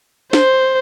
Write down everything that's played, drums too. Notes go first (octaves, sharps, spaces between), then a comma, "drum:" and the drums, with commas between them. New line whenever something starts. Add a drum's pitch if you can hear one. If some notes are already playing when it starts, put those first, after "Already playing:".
C5, drum: snare